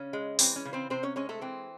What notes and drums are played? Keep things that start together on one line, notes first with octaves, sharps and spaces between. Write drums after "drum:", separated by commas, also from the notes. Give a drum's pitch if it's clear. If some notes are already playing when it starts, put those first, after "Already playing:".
Already playing: C#3 C#4
G#3
E3 C4, drum: open hi-hat
C#4
C#3
C4 C5
C3 C4 C5
C#4 C#5
G#3 C#4 C#5
A3 A4
E3 C4